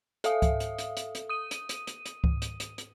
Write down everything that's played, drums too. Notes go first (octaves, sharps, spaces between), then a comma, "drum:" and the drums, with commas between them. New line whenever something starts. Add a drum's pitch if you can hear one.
A4 E5 F5 D#6, drum: hi-hat
drum: kick C#2, hi-hat
drum: hi-hat
drum: hi-hat
drum: hi-hat
drum: hi-hat
D#6 D#7
drum: hi-hat
drum: hi-hat
drum: hi-hat
drum: hi-hat
drum: kick C#2
drum: hi-hat
drum: hi-hat
drum: hi-hat